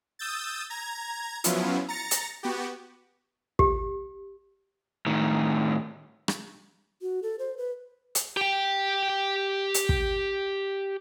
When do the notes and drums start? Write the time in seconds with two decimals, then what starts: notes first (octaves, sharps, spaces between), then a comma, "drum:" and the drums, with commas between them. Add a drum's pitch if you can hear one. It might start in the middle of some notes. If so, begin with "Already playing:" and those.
0.19 D#6 E6 G6 A6
0.70 A#5 G#6
1.44 F3 F#3 B3 C#4 E4 F4, drum: hi-hat
1.88 A#5 A6 A#6 C#7
2.11 drum: hi-hat
2.43 B3 F#4 G4
3.59 G4, drum: kick
5.06 A2 D#3
6.28 drum: rim click
7.02 F#4
7.23 A4
7.39 C5
7.57 B4
8.15 drum: hi-hat
8.37 G4 G5
9.74 drum: hi-hat
9.89 drum: kick